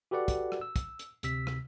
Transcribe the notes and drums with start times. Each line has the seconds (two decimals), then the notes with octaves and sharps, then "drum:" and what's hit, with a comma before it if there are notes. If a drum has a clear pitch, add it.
0.11 F#4 G4 A4 B4 D5 F#5
0.28 drum: kick, hi-hat
0.52 drum: rim click
0.61 E6
0.76 drum: kick, hi-hat
0.99 drum: hi-hat
1.23 D2 C3 E6 B6, drum: hi-hat
1.47 drum: rim click